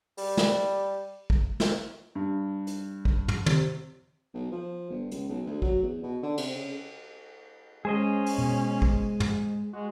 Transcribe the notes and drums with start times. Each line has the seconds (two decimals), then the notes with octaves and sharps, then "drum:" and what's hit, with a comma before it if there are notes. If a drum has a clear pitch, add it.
0.18 G3, drum: open hi-hat
0.37 drum: snare
1.30 drum: kick
1.60 drum: snare
2.15 G2
2.67 drum: hi-hat
3.05 drum: kick
3.28 drum: tom
3.46 C3, drum: tom
4.34 B1
4.51 F3
4.90 G1
5.11 C#2, drum: hi-hat
5.29 B1
5.46 D2
5.62 F#3, drum: kick
5.83 E2
6.03 B2
6.23 D3
6.38 C3, drum: cymbal
6.56 C#3
7.85 G#3 C#4 G#4 C5 D#5
8.26 drum: open hi-hat
8.38 B2
8.82 drum: kick
9.20 drum: tom
9.73 G#3 F#4